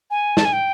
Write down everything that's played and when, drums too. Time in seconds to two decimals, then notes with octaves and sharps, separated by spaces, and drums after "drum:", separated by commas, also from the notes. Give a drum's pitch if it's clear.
0.10 G#5
0.37 A5, drum: snare
0.45 G#5
0.53 G5